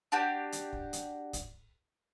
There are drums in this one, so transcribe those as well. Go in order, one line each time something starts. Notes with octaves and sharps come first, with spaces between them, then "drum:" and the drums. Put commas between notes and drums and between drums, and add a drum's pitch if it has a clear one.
D4 F#4 G4
drum: hi-hat
drum: kick
drum: hi-hat
drum: kick, hi-hat